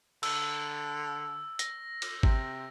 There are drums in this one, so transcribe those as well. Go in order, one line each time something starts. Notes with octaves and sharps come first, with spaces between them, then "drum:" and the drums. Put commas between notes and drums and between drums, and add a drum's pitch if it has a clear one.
D3 E6, drum: cymbal
A#6, drum: hi-hat
drum: cymbal
C3, drum: kick G#1